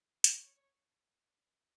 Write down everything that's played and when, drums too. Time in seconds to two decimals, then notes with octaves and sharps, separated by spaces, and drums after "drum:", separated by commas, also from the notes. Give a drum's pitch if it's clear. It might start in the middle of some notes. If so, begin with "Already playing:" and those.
0.24 C#5, drum: hi-hat